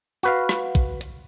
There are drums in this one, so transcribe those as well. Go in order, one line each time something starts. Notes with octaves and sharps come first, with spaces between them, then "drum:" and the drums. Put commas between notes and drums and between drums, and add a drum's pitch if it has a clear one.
F#4 B4 F5, drum: hi-hat
drum: rim click
drum: kick, hi-hat
drum: hi-hat